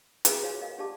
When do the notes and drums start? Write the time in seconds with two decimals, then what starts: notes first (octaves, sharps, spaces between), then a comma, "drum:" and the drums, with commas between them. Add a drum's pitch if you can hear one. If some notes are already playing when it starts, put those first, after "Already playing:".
0.25 F#4 G#4 B4 E5 F5 C6, drum: hi-hat
0.41 F4 F#4 C#5 F5 G#5
0.61 A#4 D#5 F5 F#5
0.78 D4 G4 D5 F5 A5 D6